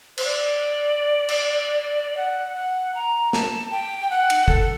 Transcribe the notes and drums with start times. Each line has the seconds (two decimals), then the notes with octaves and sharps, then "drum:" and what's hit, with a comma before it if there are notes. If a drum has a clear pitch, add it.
0.18 C5, drum: cymbal
0.25 D5
1.29 drum: cymbal
2.17 F#5
2.56 F#5
2.95 A#5
3.33 A5, drum: snare
3.71 G5
4.10 F#5
4.30 drum: cymbal
4.48 A4, drum: kick